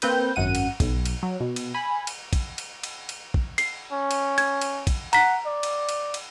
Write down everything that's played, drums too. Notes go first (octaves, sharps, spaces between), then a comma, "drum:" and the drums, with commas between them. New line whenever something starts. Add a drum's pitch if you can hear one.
A#3 C4 B4 G6, drum: cymbal
G#1 F#2 F#5 D#7
drum: cymbal
B1, drum: kick, cymbal
drum: cymbal
F#3
B2
drum: cymbal
G#5 B5
drum: cymbal
drum: kick, cymbal
drum: cymbal
drum: cymbal
drum: cymbal
drum: kick
C7, drum: cymbal
C#4
drum: cymbal
G#6, drum: cymbal
drum: cymbal
drum: kick, cymbal
F#5 A#5 B6, drum: cymbal
D5
drum: cymbal
drum: cymbal
drum: cymbal